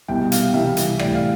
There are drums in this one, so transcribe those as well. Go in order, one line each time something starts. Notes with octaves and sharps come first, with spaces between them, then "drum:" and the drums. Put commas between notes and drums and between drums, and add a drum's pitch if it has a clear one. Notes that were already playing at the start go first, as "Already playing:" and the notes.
C2 B2 G3 G5
F5, drum: hi-hat
C2 C3 E3 G3 E5
drum: hi-hat
A2 E3 G3 D5, drum: rim click
F5